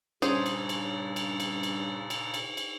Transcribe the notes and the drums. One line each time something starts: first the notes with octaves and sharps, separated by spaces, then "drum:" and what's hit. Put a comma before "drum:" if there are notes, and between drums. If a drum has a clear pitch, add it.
G2 A#2 C#3 C#4 G#4 A4 C5, drum: cymbal
drum: cymbal
drum: cymbal
drum: cymbal
drum: cymbal
drum: cymbal
drum: cymbal
drum: cymbal
drum: cymbal